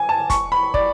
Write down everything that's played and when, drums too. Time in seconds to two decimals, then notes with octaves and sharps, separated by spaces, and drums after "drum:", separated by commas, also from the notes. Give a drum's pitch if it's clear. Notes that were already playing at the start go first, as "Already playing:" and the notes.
Already playing: G#5
0.09 A5
0.30 C#6, drum: kick, hi-hat
0.52 B5
0.74 D5, drum: kick